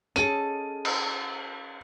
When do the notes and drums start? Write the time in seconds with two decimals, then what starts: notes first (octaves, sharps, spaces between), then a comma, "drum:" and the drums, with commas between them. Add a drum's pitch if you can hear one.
0.16 C#4 G#4 A4 D#5 A5 D#7, drum: tambourine
0.85 drum: cymbal